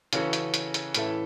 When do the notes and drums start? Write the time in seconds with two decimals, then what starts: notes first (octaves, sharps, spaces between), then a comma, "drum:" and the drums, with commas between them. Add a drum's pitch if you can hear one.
0.13 C#3 E3 C#4 F#4 A4, drum: hi-hat
0.33 drum: hi-hat
0.54 drum: hi-hat
0.74 drum: hi-hat
0.94 A2 E3 C#4 A4 E5, drum: hi-hat